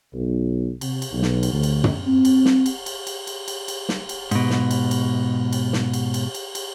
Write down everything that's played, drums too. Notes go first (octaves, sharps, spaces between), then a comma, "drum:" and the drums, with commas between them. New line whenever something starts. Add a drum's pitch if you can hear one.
B1
C3, drum: cymbal
drum: cymbal
B1
drum: snare
drum: cymbal
D2
drum: cymbal
drum: tom
C4
drum: cymbal
drum: snare
drum: cymbal
drum: cymbal
drum: cymbal
drum: cymbal
drum: cymbal
drum: cymbal
drum: snare
drum: cymbal
G#2 B2, drum: cymbal
drum: snare
drum: cymbal
drum: cymbal
drum: cymbal
drum: snare
drum: cymbal
drum: cymbal
drum: cymbal
drum: cymbal